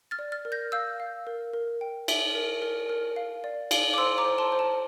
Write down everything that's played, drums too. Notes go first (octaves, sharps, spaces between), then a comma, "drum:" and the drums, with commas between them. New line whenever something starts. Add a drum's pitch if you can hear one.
F6 A6
D5
F6 A6
A#4
G6 A#6
F5 E6 G6
F5
A#4
A#4
G5
E5, drum: cymbal
A#4
A#4
A#4
F5
D5
F5, drum: cymbal
D6
C5 C6 E6
A#5 D6
C5
A5 C6
C5
A5